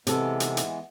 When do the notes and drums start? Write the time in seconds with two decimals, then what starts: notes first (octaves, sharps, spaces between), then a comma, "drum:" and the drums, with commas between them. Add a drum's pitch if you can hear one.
0.07 C3 E3 G#3 B3 A4, drum: hi-hat
0.40 drum: hi-hat
0.57 drum: hi-hat